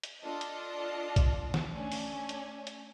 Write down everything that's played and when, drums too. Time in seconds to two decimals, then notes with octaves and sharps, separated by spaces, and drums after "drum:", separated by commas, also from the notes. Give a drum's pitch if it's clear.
0.03 drum: hi-hat
0.24 D4 F4 A4 D5 D#5
0.41 drum: hi-hat
1.16 drum: kick A#1, hi-hat
1.54 drum: snare
1.73 A3 C#4 D4
1.92 drum: open hi-hat
2.29 drum: hi-hat
2.67 drum: hi-hat